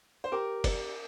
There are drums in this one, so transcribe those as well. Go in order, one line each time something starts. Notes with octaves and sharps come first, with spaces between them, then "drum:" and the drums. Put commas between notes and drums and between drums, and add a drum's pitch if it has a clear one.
C5
G4 A#4
D5, drum: kick, cymbal